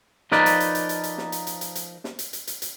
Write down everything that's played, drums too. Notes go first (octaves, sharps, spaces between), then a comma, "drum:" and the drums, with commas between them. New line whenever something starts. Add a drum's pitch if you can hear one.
F3 D#4 A#4 B4 D5, drum: snare
drum: hi-hat
drum: hi-hat
drum: hi-hat
drum: hi-hat
drum: hi-hat
drum: snare
drum: hi-hat
drum: hi-hat
drum: hi-hat
drum: hi-hat
drum: snare
drum: hi-hat
drum: hi-hat
drum: hi-hat
drum: hi-hat